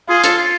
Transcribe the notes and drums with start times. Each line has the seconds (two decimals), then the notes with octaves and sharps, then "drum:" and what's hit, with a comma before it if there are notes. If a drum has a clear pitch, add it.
0.09 F4 G#4
0.24 A4, drum: hi-hat
0.38 F4